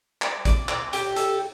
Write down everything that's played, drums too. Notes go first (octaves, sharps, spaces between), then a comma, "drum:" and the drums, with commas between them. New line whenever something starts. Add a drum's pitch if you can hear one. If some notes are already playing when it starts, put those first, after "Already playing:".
D5, drum: clap
D5, drum: kick A1, hi-hat
D5, drum: clap
G4, drum: hi-hat
A4, drum: hi-hat